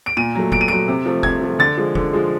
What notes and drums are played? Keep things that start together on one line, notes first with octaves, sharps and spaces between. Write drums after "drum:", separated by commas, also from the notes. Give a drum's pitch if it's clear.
D7
A#2 D#7
F#3 A3
A#2 D7, drum: kick F1
D#7
F#3 A3 D7
C3
F3 A3
C3 G#6, drum: kick F1
F3 A3
D3 A6
F3 G#3
D3, drum: kick F1
F3 G#3